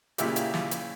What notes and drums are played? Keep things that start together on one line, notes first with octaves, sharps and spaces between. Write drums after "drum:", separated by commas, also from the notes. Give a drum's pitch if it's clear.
A#2 C#3 E4 F4 G4, drum: hi-hat
drum: hi-hat
drum: snare
drum: hi-hat